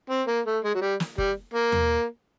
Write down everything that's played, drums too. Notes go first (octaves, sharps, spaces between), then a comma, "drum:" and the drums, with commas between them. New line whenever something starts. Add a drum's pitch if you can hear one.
C4
A#3
A3
G#3
F#3
G3
drum: snare
G3, drum: kick F#1
A#3
drum: tom D#2